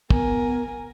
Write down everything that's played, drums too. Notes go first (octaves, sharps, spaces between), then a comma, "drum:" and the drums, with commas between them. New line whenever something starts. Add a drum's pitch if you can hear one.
B3 A#4 G#5, drum: kick